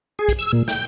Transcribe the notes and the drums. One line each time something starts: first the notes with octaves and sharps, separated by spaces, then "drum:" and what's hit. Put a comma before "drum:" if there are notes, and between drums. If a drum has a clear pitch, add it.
G#4
drum: kick, hi-hat
E6
A#2
G5, drum: snare